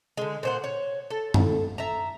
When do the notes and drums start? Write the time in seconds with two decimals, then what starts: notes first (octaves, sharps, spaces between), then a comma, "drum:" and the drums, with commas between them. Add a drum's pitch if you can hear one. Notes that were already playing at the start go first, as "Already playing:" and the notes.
0.17 D3 G#3
0.43 A#2 C5 F#5
0.64 C#5
1.10 A4
1.34 drum: tom F#2
1.78 E5 A5 A#5